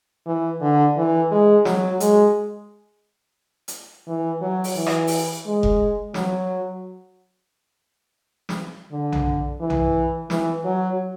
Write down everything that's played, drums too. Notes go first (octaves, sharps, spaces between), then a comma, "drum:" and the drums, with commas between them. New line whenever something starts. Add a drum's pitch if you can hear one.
E3
D3
E3
G#3
F#3, drum: snare
G#3, drum: hi-hat
drum: hi-hat
E3
F#3
drum: open hi-hat
E3
drum: rim click
drum: open hi-hat
G#3
drum: kick F1
F#3, drum: snare
drum: snare
D3
drum: tom B1
E3
drum: tom B1
E3, drum: snare
F#3